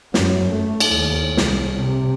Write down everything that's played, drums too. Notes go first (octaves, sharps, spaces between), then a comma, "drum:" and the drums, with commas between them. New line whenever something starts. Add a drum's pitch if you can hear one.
F#2, drum: snare
A3
drum: cymbal
D#2
C2, drum: snare
C3